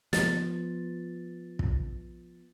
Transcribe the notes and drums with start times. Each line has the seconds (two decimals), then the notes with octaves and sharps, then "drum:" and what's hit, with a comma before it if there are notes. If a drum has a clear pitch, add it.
0.13 F3 B3 A6, drum: snare
1.59 drum: kick